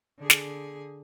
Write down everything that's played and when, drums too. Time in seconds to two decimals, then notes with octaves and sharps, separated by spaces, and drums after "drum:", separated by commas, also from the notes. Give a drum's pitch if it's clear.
0.19 D3 G#4
0.30 drum: snare